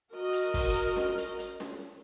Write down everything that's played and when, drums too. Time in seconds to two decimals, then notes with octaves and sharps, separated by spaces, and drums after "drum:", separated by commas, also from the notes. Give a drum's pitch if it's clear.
0.12 F#4 A#4 D#5
0.33 drum: hi-hat
0.54 drum: kick, open hi-hat
0.75 drum: hi-hat
0.96 drum: snare C#4
1.18 drum: hi-hat
1.39 drum: hi-hat
1.60 drum: snare C#4